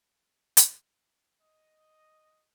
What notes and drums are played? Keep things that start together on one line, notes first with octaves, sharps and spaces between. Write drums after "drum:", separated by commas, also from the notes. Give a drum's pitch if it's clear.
drum: hi-hat
D#5